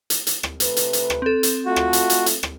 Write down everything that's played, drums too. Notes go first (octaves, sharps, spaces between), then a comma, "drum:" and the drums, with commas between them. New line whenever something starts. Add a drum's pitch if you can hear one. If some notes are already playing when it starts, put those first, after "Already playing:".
drum: hi-hat
drum: hi-hat
drum: rim click
C3 A3 B4, drum: hi-hat
drum: hi-hat
drum: hi-hat
drum: rim click
C4 A4
drum: hi-hat
A3 F4 F#4
drum: rim click
drum: hi-hat
drum: hi-hat
drum: hi-hat
drum: rim click